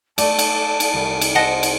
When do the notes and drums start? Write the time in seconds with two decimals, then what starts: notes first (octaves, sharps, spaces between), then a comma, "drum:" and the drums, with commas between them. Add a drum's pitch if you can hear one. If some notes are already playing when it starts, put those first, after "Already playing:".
0.18 A3 D5 A5, drum: cymbal
0.39 drum: cymbal
0.80 drum: cymbal
0.93 C2
1.21 drum: cymbal
1.35 C5 D#5 F#5 A5
1.63 drum: cymbal